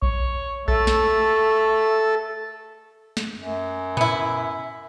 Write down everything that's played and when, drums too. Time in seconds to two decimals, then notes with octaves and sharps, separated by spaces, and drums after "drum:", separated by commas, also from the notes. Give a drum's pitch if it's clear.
0.02 C#5, drum: kick A#1
0.68 A3 A4, drum: kick A#1
0.87 drum: snare
3.17 drum: snare
3.38 F#2
3.97 B3 E4, drum: tom A2